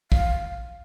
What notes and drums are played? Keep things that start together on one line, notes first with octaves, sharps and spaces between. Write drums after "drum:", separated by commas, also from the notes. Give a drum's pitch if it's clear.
F5, drum: kick